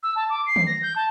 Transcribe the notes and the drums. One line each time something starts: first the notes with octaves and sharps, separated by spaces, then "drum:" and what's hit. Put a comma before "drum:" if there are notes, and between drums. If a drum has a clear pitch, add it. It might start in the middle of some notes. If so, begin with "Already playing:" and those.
E6
A5
D6
C7
drum: tom D#3
A#6
G6
A5